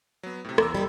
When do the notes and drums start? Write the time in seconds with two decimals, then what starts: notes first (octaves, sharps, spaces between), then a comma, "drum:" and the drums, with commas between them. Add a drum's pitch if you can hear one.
0.23 F#3 B3
0.44 A2 C3
0.58 E2 A#5 D6 E6, drum: rim click
0.75 G3 D#4 B5